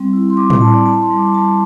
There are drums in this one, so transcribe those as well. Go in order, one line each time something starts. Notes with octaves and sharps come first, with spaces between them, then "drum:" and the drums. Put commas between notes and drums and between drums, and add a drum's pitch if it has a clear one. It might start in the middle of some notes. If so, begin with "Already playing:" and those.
Already playing: G3 C4
E4
C6
G3 D6
C6, drum: tom A2
E4 A5
D5
E4 A5
C6
G3
D6
G3 A5